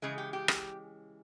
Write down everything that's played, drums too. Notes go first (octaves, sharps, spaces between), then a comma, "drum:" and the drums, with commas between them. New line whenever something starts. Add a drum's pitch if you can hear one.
C#3 E3 G#3 G#4
G4
G4
drum: rim click